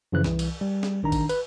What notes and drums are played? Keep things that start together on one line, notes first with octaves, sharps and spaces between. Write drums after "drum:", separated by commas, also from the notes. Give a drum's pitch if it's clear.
F#2 C#3 E3 F3 F#6
C2 E3, drum: snare
drum: cymbal
G3
drum: snare
A1 D#3 D4 A#5
drum: kick G#1, cymbal
B4, drum: cymbal